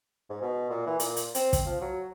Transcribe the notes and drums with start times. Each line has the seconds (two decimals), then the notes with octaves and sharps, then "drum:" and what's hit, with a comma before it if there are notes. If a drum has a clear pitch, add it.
0.29 G#2
0.42 B2
0.70 A#2
0.86 E3
1.00 A#2, drum: hi-hat
1.17 drum: hi-hat
1.35 C4, drum: hi-hat
1.53 drum: kick, hi-hat
1.66 F3
1.81 F#3